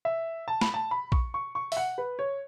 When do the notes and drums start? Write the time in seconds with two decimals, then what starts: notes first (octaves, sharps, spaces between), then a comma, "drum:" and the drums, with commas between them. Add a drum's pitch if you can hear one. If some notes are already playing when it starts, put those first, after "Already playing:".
0.05 E5
0.48 A5
0.61 B5, drum: snare
0.74 A5
0.91 B5
1.12 C#6, drum: kick A#1
1.34 C#6
1.55 C#6
1.72 E5, drum: open hi-hat
1.77 F#5
1.98 B4
2.19 C#5